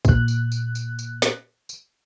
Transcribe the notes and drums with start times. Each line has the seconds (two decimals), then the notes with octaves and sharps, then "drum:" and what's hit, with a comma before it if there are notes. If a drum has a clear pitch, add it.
0.05 A#2 F#6, drum: kick A#1, tambourine
0.28 drum: tambourine
0.52 drum: tambourine
0.75 drum: tambourine
0.99 drum: tambourine
1.22 drum: snare
1.69 drum: tambourine